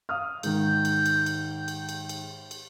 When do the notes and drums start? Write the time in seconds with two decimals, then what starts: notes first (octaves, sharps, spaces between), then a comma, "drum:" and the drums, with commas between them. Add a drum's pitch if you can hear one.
0.09 F5 D#6 F6
0.43 G#2 D#3 G6, drum: cymbal
0.85 drum: cymbal
1.06 drum: cymbal
1.26 drum: cymbal
1.68 drum: cymbal
1.89 drum: cymbal
2.09 drum: cymbal
2.51 drum: cymbal